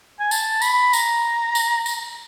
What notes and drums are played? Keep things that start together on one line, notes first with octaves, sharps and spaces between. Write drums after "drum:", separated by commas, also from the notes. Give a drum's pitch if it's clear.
G#5
A5, drum: tambourine
B5, drum: tambourine
A#5, drum: tambourine
drum: tambourine
drum: tambourine